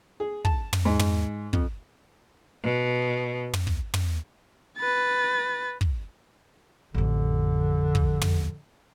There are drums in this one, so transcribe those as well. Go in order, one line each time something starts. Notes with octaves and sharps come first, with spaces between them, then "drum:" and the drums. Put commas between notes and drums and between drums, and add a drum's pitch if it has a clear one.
G#4
A5, drum: kick
drum: tom
G#2
drum: tom
F2, drum: kick
B2
drum: tom
drum: kick
drum: tom
B4 A6
drum: kick
A1 F2 D3
drum: kick
drum: tom